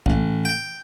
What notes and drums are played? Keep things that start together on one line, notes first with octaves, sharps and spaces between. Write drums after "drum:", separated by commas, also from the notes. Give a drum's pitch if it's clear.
A1, drum: kick A#1
G5